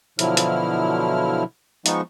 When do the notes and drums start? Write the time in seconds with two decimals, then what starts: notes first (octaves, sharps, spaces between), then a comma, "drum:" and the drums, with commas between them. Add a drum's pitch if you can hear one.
0.19 B2 D3 F3 F#3 E4 F6, drum: hi-hat
0.37 drum: hi-hat
1.86 F3 G#3 B3 D#4 C#6, drum: hi-hat